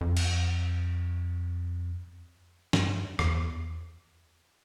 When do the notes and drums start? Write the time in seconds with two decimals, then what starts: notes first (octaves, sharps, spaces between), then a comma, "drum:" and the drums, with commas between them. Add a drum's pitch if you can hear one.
0.01 F2
0.17 drum: cymbal
2.73 G2, drum: snare
3.19 E2, drum: rim click